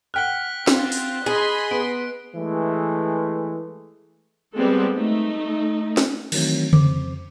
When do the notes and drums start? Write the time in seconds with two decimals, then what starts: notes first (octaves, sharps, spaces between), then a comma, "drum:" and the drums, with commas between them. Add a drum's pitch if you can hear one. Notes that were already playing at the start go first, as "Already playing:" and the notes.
0.14 F#5 G5 F6 F#6 B6 G7
0.67 C4 F4, drum: snare
0.92 drum: open hi-hat
1.26 G#4 D#5 B5 C6
1.71 B3 D7
2.36 E3 G#3 A3
4.56 G3 G#3 B3 C4 A4
4.95 A3 D#4
5.97 drum: snare
6.32 D#3 E3 F#3 A3 C4, drum: cymbal
6.73 F2 C#3 C5 D6, drum: tom C#3